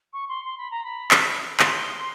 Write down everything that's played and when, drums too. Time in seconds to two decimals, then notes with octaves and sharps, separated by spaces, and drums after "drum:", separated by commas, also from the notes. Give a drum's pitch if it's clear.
0.13 C#6
0.28 C6
0.45 C6
0.57 B5
0.71 A#5
0.84 B5
1.11 drum: clap
1.60 C6, drum: clap